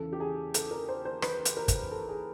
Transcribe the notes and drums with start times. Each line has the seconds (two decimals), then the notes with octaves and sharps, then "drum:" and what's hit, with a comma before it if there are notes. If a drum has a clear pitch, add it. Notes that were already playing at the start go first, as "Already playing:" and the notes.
Already playing: E2 C#3 E3 A4
0.13 G4
0.20 G#4
0.54 A4, drum: hi-hat
0.71 A#4
0.88 C5
1.05 C5
1.22 B4, drum: rim click
1.45 drum: hi-hat
1.57 A#4
1.68 drum: kick, hi-hat
1.91 A4
2.08 G#4